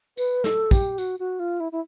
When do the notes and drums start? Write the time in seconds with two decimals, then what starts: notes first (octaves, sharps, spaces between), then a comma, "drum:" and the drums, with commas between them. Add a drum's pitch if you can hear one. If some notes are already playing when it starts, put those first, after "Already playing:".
0.17 B4, drum: tambourine
0.44 A4, drum: snare
0.71 G4, drum: kick, tambourine
0.98 F#4, drum: tambourine
1.19 F#4
1.39 F4
1.60 E4
1.72 E4